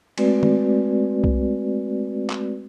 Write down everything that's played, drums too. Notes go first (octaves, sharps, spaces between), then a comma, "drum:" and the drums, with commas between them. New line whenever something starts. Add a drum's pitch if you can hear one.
G#3 A3 C4 F#4 B4 D5, drum: cymbal
drum: tom
drum: kick C2
drum: clap